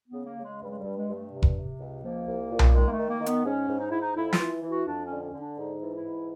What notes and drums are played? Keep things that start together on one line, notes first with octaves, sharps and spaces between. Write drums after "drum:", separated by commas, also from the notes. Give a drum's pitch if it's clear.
C#3 B3
A#3
C#3
G#3
G2 G3
G#3
G3
G2
G#3
G2
A3
C3
drum: kick F1
C3
C#2
F3 A#3
C2
A#2
drum: tom B1
D#3 G#3
A#3
A3
D#3
A#3
D#3
B3, drum: hi-hat
G#2 C#4
G#2
D#4
G#2 E4
D#4
F2 E4
F4, drum: snare
E3
E3
F#4
F2 D4
C#4
D3
C#4
D3
D4
G#2 D#4
E3
E4
G#2